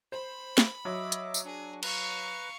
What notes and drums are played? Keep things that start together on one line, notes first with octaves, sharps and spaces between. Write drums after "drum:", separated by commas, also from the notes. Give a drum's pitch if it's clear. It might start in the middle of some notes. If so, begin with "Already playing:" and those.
C5 B5
drum: snare
F#3 D#5 E5 D6
drum: hi-hat
drum: tambourine
D4 G#4
B4 F5 A#5 C#6, drum: cymbal